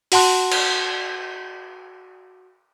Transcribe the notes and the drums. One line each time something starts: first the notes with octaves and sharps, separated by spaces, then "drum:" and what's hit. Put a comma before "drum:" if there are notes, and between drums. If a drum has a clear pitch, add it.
F#4 F#5 A5 C6 F#6, drum: open hi-hat
drum: cymbal